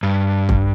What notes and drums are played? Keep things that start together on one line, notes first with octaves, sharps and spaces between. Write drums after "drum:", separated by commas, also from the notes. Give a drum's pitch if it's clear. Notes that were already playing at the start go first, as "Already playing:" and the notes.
G2
drum: kick